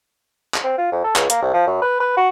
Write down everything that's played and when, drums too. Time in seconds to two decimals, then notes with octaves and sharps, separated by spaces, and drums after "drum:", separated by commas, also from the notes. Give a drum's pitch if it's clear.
0.54 drum: clap
0.64 C4
0.78 F4
0.92 F2
1.04 A4
1.16 C#2, drum: clap
1.30 A#3, drum: hi-hat
1.42 C2
1.53 F3
1.67 F#2
1.82 B4
2.00 B4
2.17 F#4